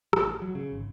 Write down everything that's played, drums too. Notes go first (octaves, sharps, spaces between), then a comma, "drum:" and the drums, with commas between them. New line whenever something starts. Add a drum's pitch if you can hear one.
A1, drum: rim click
F#3
C#3
G#1